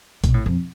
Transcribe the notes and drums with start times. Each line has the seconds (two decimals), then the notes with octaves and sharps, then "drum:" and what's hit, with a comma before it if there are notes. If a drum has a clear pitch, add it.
0.24 B2, drum: kick A#1, hi-hat
0.34 A2
0.46 F2